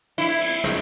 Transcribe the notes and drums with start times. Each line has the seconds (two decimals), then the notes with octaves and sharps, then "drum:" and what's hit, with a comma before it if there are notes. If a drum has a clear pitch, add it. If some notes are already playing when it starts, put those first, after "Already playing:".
0.18 E4, drum: cymbal
0.41 drum: cymbal
0.64 drum: snare